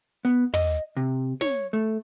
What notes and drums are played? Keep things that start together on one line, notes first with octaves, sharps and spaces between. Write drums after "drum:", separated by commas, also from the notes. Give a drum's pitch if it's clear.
B3
D#5, drum: tom
C3
C#5, drum: snare
A3